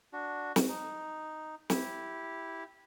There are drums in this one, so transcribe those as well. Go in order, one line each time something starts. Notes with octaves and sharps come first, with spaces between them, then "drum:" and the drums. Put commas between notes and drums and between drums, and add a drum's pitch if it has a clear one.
D4 F#4
drum: snare
D#4
E4 G4, drum: snare